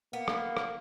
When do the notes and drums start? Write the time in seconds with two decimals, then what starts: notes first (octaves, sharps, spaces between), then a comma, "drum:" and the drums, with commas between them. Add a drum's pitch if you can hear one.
0.13 A#3 B3
0.28 drum: rim click
0.57 drum: rim click